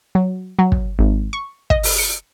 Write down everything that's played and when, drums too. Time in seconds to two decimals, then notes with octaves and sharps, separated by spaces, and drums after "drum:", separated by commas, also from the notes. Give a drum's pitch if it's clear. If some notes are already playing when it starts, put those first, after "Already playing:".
0.15 F#3
0.59 F#3
0.72 drum: kick
0.99 G#1
1.33 C#6
1.70 D#5, drum: kick
1.83 drum: open hi-hat
1.98 C#7